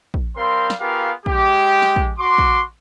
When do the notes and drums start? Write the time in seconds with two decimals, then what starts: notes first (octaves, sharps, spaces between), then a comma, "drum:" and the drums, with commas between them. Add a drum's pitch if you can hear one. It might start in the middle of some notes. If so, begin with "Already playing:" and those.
0.14 drum: kick
0.36 G3 C4 A#4 F5 C6
0.70 drum: snare
0.80 B3 F4 G4 G#4 A#4 F5
1.26 G#3 G4, drum: kick
1.82 drum: snare
1.96 drum: kick
2.19 F#4 C6 D6
2.38 drum: kick